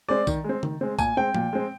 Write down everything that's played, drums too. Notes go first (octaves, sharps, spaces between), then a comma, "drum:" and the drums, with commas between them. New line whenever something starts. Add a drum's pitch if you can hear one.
G#3 C4 D5
D#3, drum: kick A#1, tambourine
G#3 C4
D#3, drum: tom C#3
G#3 C4
A#2 G#5, drum: kick A#1, tambourine
G#3 C4 G5
A#2, drum: tom F3
G#3 C4